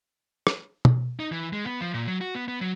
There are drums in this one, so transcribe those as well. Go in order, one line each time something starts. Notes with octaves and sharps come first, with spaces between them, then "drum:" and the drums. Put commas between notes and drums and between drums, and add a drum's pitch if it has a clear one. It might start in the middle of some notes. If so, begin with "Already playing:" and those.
drum: rim click
drum: tom
D#4
E3
G#3
B3
F3
A#2
F#3
F#4
B3
B3
F#3